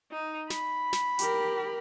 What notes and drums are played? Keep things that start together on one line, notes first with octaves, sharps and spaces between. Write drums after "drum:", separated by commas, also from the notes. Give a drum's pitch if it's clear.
D#4
B5, drum: snare
drum: snare
G4 A#4, drum: hi-hat